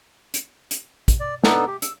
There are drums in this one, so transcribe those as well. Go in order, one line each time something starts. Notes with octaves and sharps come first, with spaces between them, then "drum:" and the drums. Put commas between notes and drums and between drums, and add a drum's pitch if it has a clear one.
drum: hi-hat
drum: hi-hat
drum: kick, hi-hat
D5
B3 D4 D#4 A4, drum: snare
G4
E6, drum: hi-hat